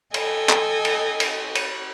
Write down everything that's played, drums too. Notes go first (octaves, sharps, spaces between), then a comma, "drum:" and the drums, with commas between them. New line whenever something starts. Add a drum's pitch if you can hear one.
A4 D#5 G5 G#5, drum: cymbal
drum: clap
drum: cymbal
drum: cymbal
drum: cymbal